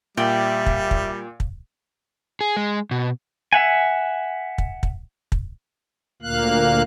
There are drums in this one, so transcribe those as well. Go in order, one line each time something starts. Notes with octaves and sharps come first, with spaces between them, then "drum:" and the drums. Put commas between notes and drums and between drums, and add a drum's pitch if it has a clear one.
A#2 G3 D5 E5 G5
drum: kick
drum: kick
drum: kick
G#4
G#3
B2
E5 F#5 G#5
drum: kick
drum: kick
drum: kick
D2 A#2 A#3 F5 F#6